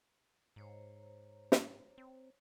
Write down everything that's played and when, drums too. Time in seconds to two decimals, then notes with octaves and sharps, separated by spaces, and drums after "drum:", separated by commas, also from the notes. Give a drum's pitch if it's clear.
0.56 G#2 C5 C#5 A#5
1.52 drum: snare
1.98 C4